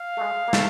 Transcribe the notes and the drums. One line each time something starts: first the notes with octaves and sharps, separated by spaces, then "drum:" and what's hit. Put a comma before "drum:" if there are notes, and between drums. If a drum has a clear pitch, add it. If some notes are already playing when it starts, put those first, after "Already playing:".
Already playing: F5
A3
G#3
A#3
A3, drum: snare